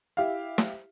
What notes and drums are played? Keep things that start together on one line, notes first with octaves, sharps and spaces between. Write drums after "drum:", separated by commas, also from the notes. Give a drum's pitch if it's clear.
E4 G4 E5 F5
drum: snare